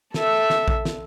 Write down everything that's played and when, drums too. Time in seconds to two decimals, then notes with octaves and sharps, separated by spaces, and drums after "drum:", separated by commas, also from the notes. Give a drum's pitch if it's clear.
0.14 A4 E5, drum: snare
0.50 drum: snare
0.68 drum: kick A#1
0.85 drum: snare